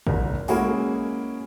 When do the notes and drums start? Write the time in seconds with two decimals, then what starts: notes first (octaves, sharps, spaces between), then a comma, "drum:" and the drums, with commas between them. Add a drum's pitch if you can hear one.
0.07 F#1 A#4, drum: kick
0.48 G#3 A#3 C#4 E4 F#4 G#4, drum: open hi-hat